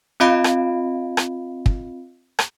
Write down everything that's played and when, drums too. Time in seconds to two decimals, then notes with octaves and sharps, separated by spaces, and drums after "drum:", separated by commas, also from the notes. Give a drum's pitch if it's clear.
0.20 C4 F4 D#5 F5 B5 D7
0.44 drum: rim click
1.17 drum: rim click
1.66 drum: kick
2.39 drum: rim click